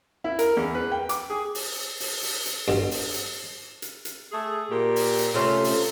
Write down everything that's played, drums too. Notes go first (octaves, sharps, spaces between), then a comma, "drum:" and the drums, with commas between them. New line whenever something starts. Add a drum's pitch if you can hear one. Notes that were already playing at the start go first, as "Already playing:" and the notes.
E4
A#4, drum: hi-hat
E2
B4
G5
D6, drum: hi-hat
G#4
drum: open hi-hat
drum: open hi-hat
drum: open hi-hat
drum: hi-hat
B1 G2
drum: open hi-hat
drum: hi-hat
drum: hi-hat
drum: hi-hat
A3 G#4
A#2 A#3 G4
drum: open hi-hat
drum: hi-hat
C3 A3 C#4 F4
drum: open hi-hat